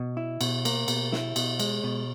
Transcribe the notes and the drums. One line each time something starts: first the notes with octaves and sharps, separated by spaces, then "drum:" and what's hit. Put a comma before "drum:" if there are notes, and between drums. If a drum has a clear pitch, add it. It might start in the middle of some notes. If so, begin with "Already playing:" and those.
Already playing: B2
E4
B2, drum: cymbal
A#3, drum: cymbal
B2, drum: cymbal
E4, drum: snare
B2, drum: cymbal
G#3, drum: cymbal
B2